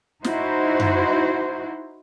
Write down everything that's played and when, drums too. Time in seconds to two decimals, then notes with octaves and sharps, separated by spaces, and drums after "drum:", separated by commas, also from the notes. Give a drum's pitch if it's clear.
0.24 D#4 E4 F#4 C5, drum: snare
0.80 drum: tom F#2